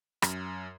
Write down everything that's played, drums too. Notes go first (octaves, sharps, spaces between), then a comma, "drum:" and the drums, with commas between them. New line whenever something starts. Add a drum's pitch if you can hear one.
F#2, drum: rim click